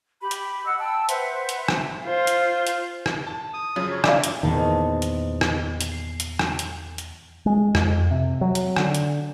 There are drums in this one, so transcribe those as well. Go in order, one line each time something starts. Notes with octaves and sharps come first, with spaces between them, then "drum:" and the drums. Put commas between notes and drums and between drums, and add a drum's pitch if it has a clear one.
G4 B5
drum: hi-hat
D#5 F#5 E6
G5 A5 E6
B4 C5 E5 F#5, drum: hi-hat
drum: hi-hat
drum: rim click
F4 C5
drum: hi-hat
drum: hi-hat
drum: rim click
A5
D#6
F#2 C#3 F3
C#5
D4 E4 D5 F5, drum: rim click
drum: hi-hat
E2 A#2 D#3 A5
E4 C5 D#5
drum: hi-hat
drum: rim click
drum: hi-hat
C7
drum: hi-hat
drum: rim click
drum: hi-hat
drum: hi-hat
G#3
F2, drum: rim click
C3
F#3
drum: hi-hat
D3, drum: rim click
drum: hi-hat